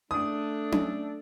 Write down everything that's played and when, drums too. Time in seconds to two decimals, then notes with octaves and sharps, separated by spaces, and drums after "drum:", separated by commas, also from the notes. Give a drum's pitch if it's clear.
0.10 A3 D4 A4 D#6
0.72 drum: tom C#4